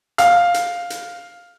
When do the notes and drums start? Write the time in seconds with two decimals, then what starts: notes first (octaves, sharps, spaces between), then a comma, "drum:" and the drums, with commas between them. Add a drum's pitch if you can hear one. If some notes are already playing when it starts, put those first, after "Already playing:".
0.18 F5, drum: hi-hat
0.54 drum: hi-hat
0.90 drum: hi-hat